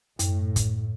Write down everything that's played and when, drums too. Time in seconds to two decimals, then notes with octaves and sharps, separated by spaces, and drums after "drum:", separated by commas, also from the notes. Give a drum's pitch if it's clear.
0.19 F#2 A2, drum: hi-hat
0.56 drum: kick, hi-hat